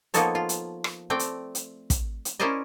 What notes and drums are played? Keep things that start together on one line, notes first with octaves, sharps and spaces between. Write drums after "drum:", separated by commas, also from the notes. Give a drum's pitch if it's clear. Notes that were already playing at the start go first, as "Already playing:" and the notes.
F3 A#3 B3 D#4 A4 C#5, drum: hi-hat
F4
drum: hi-hat
drum: rim click
A3 C4 D5 G5
drum: hi-hat
drum: hi-hat
drum: kick, hi-hat
drum: hi-hat
C#4 E4 A#4 C5 D5 D#5